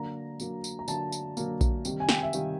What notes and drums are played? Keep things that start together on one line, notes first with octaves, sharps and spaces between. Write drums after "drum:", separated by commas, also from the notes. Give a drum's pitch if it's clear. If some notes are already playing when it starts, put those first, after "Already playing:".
Already playing: D3 F#3 A#3 A#5
D3 F#3 A#3, drum: tambourine
drum: tambourine
A#5
D3 F#3 A#3 A5, drum: tambourine
drum: tambourine
D3 F#3 A#3, drum: tambourine
drum: kick A#1, tambourine
C3 D#3 G3, drum: tambourine
G#5
G5, drum: snare
E5
C3 D#3 G3 F5, drum: tambourine